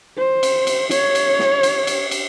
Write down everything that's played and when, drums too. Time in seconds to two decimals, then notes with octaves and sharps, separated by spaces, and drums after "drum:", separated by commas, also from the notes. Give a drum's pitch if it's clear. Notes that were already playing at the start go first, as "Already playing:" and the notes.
0.17 C5
0.43 drum: cymbal
0.67 drum: cymbal
0.91 C#5, drum: cymbal
1.15 drum: cymbal
1.39 drum: snare
1.63 drum: cymbal
1.87 drum: cymbal
2.11 drum: cymbal